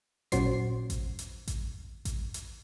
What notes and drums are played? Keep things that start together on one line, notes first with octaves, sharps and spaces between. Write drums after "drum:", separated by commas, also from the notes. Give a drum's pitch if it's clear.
A#2 F#3 C#4 F#4 C5 C7, drum: kick A1, hi-hat
drum: kick A1, hi-hat
drum: hi-hat
drum: kick A1, hi-hat
drum: kick A1, hi-hat
drum: hi-hat